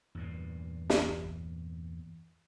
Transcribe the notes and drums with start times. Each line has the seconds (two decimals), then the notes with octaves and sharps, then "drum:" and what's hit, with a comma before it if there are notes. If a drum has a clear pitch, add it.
0.15 E2 G2 A#2
0.90 drum: snare